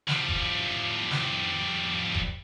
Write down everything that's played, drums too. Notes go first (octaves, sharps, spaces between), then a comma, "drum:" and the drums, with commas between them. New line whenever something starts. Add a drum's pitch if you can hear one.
F3 G3, drum: snare
drum: kick
drum: snare
drum: kick